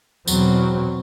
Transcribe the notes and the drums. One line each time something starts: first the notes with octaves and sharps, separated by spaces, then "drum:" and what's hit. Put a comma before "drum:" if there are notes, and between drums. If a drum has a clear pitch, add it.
E2 B2 F#3 C4, drum: tambourine